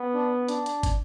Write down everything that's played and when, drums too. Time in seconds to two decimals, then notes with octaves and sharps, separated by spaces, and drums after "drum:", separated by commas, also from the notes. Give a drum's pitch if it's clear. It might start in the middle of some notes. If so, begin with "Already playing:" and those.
Already playing: B3
0.15 D4
0.49 D4, drum: hi-hat
0.66 drum: hi-hat
0.83 drum: kick, hi-hat